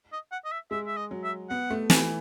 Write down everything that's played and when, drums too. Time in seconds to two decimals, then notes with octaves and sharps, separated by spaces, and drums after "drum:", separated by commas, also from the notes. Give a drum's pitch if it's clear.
0.12 D#5
0.31 F#5
0.45 D#5
0.52 E5
0.71 G#3 E5
0.87 E5
0.97 D#5
1.11 F#3
1.24 E5
1.50 B3 F#5
1.70 A3
1.90 E3, drum: snare